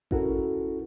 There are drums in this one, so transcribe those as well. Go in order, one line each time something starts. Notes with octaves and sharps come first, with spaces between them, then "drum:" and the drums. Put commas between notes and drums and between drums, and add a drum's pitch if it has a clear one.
C#4 E4 F#4 A4 A#4, drum: kick A1